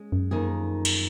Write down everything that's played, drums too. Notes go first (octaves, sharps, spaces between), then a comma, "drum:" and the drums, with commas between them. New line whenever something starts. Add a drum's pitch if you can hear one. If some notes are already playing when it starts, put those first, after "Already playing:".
Already playing: G#3 C#4
F#2
F2 D#3 A#3 D#4 G#4
drum: cymbal